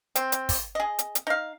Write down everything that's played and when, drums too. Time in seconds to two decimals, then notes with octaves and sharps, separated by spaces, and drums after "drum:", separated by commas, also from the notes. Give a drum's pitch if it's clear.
0.16 C4, drum: hi-hat
0.32 drum: hi-hat
0.49 drum: kick, open hi-hat
0.75 G#4 D#5
0.99 drum: hi-hat
1.15 drum: hi-hat
1.27 D#4 F5